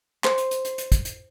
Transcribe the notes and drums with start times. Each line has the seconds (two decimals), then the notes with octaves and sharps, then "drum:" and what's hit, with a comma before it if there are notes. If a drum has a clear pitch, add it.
0.24 C5, drum: clap
0.38 drum: hi-hat
0.51 drum: hi-hat
0.65 drum: hi-hat
0.78 drum: hi-hat
0.92 drum: kick, hi-hat
1.05 drum: hi-hat